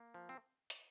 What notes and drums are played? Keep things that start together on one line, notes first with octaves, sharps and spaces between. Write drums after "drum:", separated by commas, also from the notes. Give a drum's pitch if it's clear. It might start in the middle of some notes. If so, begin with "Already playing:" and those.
Already playing: A#3
F3
C4
drum: hi-hat